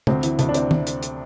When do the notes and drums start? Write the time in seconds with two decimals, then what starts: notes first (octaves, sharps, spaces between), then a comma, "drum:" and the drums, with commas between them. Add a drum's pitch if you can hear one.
0.07 D2 C4, drum: tom C3
0.23 E3, drum: hi-hat
0.39 D2, drum: hi-hat
0.49 D4
0.54 C3 C4, drum: hi-hat
0.71 drum: tom
0.87 drum: hi-hat
1.03 drum: hi-hat